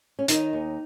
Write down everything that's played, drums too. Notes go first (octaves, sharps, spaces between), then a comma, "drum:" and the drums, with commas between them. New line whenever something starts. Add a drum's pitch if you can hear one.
C#4
D#3 D#4, drum: hi-hat
D#2